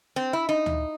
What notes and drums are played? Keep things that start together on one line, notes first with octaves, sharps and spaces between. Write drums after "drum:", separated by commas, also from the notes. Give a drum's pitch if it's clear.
C4
E4
D#4
drum: tom D2